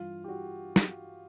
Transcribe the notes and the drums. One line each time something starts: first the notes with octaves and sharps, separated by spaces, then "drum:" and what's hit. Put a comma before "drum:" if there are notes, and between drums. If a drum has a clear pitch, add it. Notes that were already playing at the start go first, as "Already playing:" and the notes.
Already playing: G2 E3 F4
G4
F#4
drum: snare